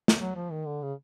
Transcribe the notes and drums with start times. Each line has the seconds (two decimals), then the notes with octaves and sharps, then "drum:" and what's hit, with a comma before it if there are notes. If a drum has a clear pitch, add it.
0.08 drum: snare
0.20 F#3
0.35 F3
0.51 D#3
0.66 D3
0.82 C#3